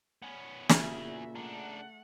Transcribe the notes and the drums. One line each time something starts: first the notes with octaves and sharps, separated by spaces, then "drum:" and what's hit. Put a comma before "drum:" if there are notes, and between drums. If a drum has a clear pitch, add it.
B3 C#4
E2 A#2 C#3 F#4 G#4 E5, drum: snare
A3 D4 A#4 F#5